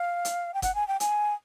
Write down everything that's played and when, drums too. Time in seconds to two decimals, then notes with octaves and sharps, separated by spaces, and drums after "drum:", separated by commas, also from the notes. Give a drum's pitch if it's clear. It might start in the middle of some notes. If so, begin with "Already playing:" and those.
Already playing: F5
0.25 drum: hi-hat
0.54 G5
0.62 F#5, drum: kick F#1, hi-hat
0.75 G#5
0.88 G5
1.00 G#5, drum: hi-hat